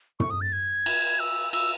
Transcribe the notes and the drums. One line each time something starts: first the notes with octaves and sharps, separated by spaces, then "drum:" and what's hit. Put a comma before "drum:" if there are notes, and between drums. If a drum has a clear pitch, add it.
C#6, drum: tom
D#6
A6
G#6
drum: cymbal
E6
E6, drum: cymbal